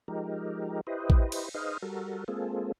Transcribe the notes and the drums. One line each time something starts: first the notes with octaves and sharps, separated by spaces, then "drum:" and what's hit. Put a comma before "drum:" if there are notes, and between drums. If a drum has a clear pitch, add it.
F3 G#3 D#4 G4 A#4
E4 G4 B4 C5 D#5
drum: kick A1
drum: cymbal
D#4 G#4 B4 C5 D#5 F5
G3 F#4 A4 A#4
G#3 A#3 C4 F4 G#4 A4